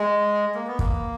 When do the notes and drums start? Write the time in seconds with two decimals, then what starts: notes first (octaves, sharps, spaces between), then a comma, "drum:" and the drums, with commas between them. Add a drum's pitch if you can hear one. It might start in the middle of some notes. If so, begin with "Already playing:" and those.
Already playing: G#3
0.55 A#3
0.67 B3
0.79 A#3, drum: kick